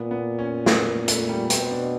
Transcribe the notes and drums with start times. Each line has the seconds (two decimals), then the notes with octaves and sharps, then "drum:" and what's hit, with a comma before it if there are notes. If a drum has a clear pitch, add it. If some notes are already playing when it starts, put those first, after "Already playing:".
Already playing: A#2 B3
0.11 B3
0.39 C#4
0.66 B3, drum: snare
0.87 A#3
1.08 A3, drum: hi-hat
1.29 G3
1.50 B2 C4, drum: hi-hat
1.71 D4